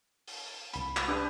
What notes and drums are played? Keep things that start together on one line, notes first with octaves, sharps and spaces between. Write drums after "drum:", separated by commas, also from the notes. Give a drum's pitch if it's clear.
drum: open hi-hat
C2 B5, drum: hi-hat
drum: clap
D4 G4 B4 D#6